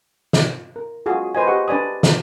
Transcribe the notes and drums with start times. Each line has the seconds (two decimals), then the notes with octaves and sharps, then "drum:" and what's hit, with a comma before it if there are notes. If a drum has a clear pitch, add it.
0.33 drum: snare
0.76 A#4
1.06 F4 F#4 G#4
1.35 B4 C5 D#5 G#5
1.47 G4 G#4 D#5 F#5 C#6
1.68 D4 B4 D5 G#5 D#6
2.03 drum: snare